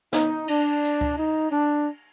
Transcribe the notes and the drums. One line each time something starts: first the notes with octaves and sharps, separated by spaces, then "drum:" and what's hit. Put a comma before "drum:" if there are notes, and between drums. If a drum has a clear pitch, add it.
D#4, drum: snare
D4, drum: cymbal
drum: hi-hat
drum: kick C#2
D#4
D4